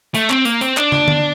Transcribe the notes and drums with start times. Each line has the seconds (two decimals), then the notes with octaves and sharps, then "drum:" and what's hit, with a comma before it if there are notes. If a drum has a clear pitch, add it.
0.14 A3, drum: hi-hat
0.30 C4, drum: clap
0.45 A#3, drum: hi-hat
0.61 C4, drum: hi-hat
0.77 D4, drum: clap
0.92 drum: tom
1.08 drum: tom D3